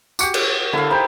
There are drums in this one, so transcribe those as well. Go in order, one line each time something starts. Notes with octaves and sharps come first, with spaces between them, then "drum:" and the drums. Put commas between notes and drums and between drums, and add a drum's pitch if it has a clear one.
F#4 G4 D6 C#7, drum: tambourine
drum: cymbal
D3 E4 A4 F5
D#4 G4 C5 G5 B5